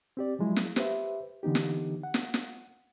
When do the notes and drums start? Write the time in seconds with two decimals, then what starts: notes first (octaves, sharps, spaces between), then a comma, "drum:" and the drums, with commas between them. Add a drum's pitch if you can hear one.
0.17 C4 G4 D5
0.39 F3 F#3 G#3 E4
0.56 drum: snare
0.76 G4 B4 C5 E5, drum: snare
1.43 D3 E3 B3 D#4 G4
1.55 drum: snare
2.03 F#5
2.14 drum: snare
2.34 drum: snare